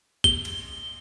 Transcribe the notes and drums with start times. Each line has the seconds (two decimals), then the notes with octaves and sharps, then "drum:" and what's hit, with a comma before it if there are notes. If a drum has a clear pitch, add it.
0.24 G7, drum: kick A1
0.45 drum: cymbal